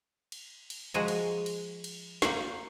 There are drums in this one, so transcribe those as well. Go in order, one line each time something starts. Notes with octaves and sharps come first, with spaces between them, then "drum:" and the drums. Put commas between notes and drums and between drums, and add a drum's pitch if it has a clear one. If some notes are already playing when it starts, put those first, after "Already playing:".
drum: cymbal
drum: cymbal
F3 G#3 F#4 G#5 A#5
drum: cymbal
drum: cymbal
drum: cymbal
A#3 C5 F#5, drum: snare